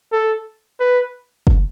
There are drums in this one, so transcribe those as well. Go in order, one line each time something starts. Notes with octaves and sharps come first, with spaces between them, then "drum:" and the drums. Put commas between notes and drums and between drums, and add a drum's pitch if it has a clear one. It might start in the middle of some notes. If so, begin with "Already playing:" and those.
A4
B4
drum: kick